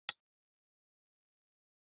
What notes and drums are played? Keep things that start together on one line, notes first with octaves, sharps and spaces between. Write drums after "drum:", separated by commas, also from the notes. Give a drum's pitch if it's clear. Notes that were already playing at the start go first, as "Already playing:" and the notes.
drum: hi-hat
E4
D4